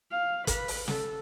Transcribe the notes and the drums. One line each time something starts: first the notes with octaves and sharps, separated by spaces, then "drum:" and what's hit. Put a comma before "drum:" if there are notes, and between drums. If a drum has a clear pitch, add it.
F5
B4, drum: kick, hi-hat
drum: open hi-hat
A4, drum: snare